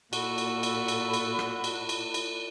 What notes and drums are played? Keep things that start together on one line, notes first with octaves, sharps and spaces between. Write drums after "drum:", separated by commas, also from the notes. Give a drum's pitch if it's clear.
A#2 F#4 A4 B5, drum: cymbal
drum: cymbal
drum: cymbal
drum: cymbal
drum: cymbal
drum: rim click
drum: cymbal
drum: cymbal
drum: cymbal